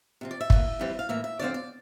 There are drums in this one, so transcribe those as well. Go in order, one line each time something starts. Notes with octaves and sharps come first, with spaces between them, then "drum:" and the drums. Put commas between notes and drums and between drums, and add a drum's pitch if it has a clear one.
C3 F3 C4
D5
E5
A2 E3 A#3, drum: kick
F2 E3 G3 C4
F5
A2 E3 A#3 E5
E5
E2 D3 F3 C4 D5
D5